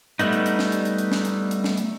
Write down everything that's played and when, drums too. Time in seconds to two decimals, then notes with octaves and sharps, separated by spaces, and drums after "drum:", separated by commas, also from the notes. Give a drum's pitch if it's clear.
0.19 G3 A3 B3 D#4, drum: hi-hat
0.33 drum: hi-hat
0.46 drum: hi-hat
0.59 drum: snare
0.72 drum: hi-hat
0.85 drum: hi-hat
0.98 drum: hi-hat
1.12 drum: snare
1.25 drum: hi-hat
1.51 drum: hi-hat
1.64 drum: snare
1.77 drum: hi-hat